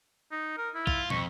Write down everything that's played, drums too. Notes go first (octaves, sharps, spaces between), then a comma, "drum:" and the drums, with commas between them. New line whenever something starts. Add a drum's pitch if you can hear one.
D#4
A#4
E4
F4, drum: kick
F2 C#6, drum: tom